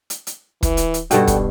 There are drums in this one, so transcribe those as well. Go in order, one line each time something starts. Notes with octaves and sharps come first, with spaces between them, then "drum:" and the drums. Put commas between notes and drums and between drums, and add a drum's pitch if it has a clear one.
drum: hi-hat
drum: hi-hat
E3, drum: kick, hi-hat
drum: hi-hat
drum: hi-hat
G2 B2 D4 A4 F#5 G5, drum: hi-hat
drum: kick, hi-hat